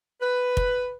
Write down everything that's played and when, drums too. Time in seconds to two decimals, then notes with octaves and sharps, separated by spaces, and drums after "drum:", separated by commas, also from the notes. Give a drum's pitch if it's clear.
0.20 B4
0.57 drum: kick